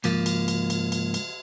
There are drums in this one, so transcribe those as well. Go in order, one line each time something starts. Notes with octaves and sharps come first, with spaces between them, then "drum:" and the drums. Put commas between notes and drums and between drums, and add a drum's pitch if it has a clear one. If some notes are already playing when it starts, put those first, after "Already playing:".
C#2 G#2 F3 A#3, drum: cymbal
drum: cymbal
drum: cymbal
drum: cymbal
drum: cymbal
drum: cymbal